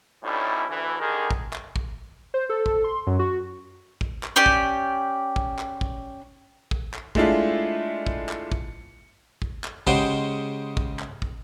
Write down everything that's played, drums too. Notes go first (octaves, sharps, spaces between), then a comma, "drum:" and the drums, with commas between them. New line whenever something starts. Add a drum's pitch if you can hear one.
D2 A2 G3 C#4 D#4 E4
D2 E3
D3 D#3 G4 G#4 A#4
drum: kick
drum: clap
drum: kick
C5
A4
drum: kick
C6
F#2
F#4
drum: kick
drum: clap
C#4 G4 D5 G5
drum: kick
drum: kick
drum: clap
drum: kick
drum: kick
drum: clap
G#3 A3 D4 E4 F4, drum: kick
drum: kick
drum: clap
drum: kick
drum: kick
drum: clap
C#3 G#3 G4 C5 F#5 C6, drum: kick
drum: kick
drum: clap
drum: kick